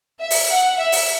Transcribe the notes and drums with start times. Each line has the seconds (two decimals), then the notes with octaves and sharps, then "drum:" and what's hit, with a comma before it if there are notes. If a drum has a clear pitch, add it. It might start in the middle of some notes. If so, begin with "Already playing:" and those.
0.20 E5
0.31 drum: open hi-hat
0.49 F#5
0.77 E5
0.92 drum: open hi-hat